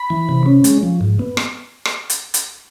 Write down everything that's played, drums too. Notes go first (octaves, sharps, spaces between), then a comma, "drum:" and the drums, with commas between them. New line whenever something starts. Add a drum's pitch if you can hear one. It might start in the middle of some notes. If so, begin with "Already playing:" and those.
Already playing: B5
E3
C3
C#4
G#3, drum: hi-hat
F3
G#2
B3
drum: rim click
drum: rim click
drum: hi-hat
drum: hi-hat